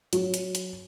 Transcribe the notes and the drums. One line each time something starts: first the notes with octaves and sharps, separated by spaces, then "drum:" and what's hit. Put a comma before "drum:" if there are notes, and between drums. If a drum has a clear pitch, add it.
F#3, drum: hi-hat
drum: hi-hat
drum: hi-hat